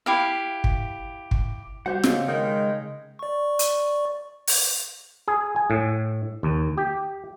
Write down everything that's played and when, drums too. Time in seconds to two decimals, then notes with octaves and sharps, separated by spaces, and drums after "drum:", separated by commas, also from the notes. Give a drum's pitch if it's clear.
0.06 E4 G4 F5
0.64 drum: kick
1.31 drum: kick
1.86 G3 F#4 G4 C5 F#5
2.04 C#3 D#5 F5, drum: snare
2.28 D#3 G#3 G6
3.19 D5 C#6
3.59 drum: hi-hat
4.47 drum: open hi-hat
5.28 G#4
5.56 G#5
5.70 A2
6.43 D#2
6.78 G4